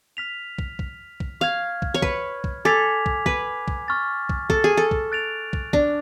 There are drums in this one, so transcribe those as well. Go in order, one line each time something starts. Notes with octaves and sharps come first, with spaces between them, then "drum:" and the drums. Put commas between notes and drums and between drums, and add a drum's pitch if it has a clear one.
F6 B6 F7
drum: kick
drum: kick
drum: kick
F5 C#6 F6 G#6
drum: kick
C#5
B4, drum: kick
drum: kick
A4 G#5 D6 G#6 B6 F7
drum: kick
B4, drum: kick
drum: kick
C#6 F6 A6
drum: kick
A4, drum: kick
G#4
A4
drum: kick
F#6 A6 D7 F7
drum: kick
D4, drum: kick